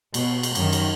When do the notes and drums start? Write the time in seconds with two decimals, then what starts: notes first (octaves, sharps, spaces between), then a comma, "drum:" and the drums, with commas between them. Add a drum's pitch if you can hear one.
0.14 B2, drum: cymbal
0.43 drum: cymbal
0.55 F#2 D#3, drum: cymbal
0.73 drum: cymbal